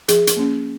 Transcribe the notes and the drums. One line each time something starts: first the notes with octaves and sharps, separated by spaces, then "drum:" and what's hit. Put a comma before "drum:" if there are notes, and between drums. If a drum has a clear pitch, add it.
F3 G#4, drum: hi-hat
drum: hi-hat
A#3 C#4